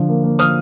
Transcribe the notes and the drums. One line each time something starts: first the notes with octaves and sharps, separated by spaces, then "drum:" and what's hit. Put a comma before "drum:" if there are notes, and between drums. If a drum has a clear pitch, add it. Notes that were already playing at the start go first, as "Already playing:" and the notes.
Already playing: D3 F3
A#3
A#3
F3 D#6 F6, drum: hi-hat